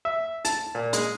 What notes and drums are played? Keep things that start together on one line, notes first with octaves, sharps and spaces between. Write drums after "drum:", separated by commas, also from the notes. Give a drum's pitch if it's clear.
E5
A5, drum: hi-hat
A#2
G#3, drum: hi-hat